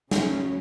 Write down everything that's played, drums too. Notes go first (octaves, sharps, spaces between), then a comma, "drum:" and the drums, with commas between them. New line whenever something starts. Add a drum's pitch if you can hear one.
C#3 F#3 C#4, drum: snare